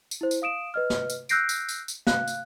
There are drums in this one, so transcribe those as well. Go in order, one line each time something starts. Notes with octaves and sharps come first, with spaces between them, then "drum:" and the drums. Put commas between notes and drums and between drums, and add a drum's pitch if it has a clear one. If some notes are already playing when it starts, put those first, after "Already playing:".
drum: tambourine
E4 C5
drum: tambourine
F5 D#6 D7 E7
B4 D#5 F6
drum: snare
drum: tambourine
E6 F#6 G6 A#6 C7 D7, drum: tambourine
drum: tambourine
drum: tambourine
drum: tambourine
F5 F#6, drum: snare
drum: tambourine